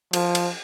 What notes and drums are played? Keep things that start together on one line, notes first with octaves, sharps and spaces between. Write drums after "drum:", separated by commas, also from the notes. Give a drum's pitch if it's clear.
F3, drum: cymbal
drum: cymbal